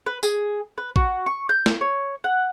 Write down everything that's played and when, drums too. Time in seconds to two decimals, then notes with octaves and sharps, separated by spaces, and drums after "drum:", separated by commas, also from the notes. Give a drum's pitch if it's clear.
0.06 B4
0.23 G#4, drum: tambourine
0.78 B4
0.96 F#4, drum: kick
1.26 C#6
1.49 G6
1.66 drum: snare
1.81 C#5
2.24 F#5